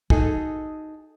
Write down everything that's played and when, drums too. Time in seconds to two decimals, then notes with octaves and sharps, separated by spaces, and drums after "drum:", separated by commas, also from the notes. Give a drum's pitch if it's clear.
0.10 D#4 F#4 G#4 A4, drum: kick